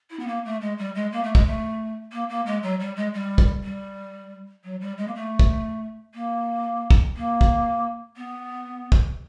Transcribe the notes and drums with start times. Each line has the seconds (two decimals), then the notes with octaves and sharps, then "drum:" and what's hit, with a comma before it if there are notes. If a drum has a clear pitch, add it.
0.10 E4
0.19 B3
0.27 A#3
0.45 A3
0.61 G#3
0.78 G3
0.95 G#3
1.12 A#3
1.23 A3
1.35 G#3, drum: kick
1.46 A3
2.12 A#3
2.29 A#3
2.46 G#3
2.63 F#3
2.80 G3
2.96 G#3
3.14 G3
3.38 drum: kick
3.63 G3
4.64 F#3
4.81 G3
4.97 G#3
5.07 A#3
5.15 A3
5.39 drum: kick
6.14 A#3
6.90 drum: kick
7.16 A#3
7.41 drum: kick
8.17 B3
8.92 drum: kick